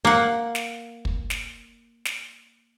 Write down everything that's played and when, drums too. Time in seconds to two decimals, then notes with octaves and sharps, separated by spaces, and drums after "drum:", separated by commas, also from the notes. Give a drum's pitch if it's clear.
0.05 A#3 F#5
0.55 drum: snare
1.05 drum: kick
1.30 drum: snare
2.05 drum: snare